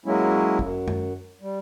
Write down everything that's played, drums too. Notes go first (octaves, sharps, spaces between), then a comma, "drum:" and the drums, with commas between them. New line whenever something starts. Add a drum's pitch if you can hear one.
F#3 G#3 A#3 C#4 E4
F#2, drum: kick
drum: tom
G3